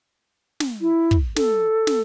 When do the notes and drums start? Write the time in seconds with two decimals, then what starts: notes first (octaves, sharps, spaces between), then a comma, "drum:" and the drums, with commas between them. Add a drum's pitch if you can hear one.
0.60 drum: snare
0.81 E4
1.11 drum: kick
1.36 A4, drum: snare
1.87 drum: snare